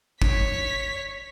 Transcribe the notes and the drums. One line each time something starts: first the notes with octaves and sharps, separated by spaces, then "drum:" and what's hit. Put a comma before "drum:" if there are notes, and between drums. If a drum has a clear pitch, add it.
C#5 B6, drum: kick